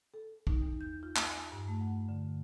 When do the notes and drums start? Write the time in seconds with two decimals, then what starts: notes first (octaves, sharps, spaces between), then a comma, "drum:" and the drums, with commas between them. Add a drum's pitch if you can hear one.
0.14 A4
0.47 D#4, drum: kick B1
0.61 E2
0.81 G6
1.03 F4
1.16 drum: clap
1.27 G#5
1.52 G2
1.68 A3
1.81 F#5
2.09 D3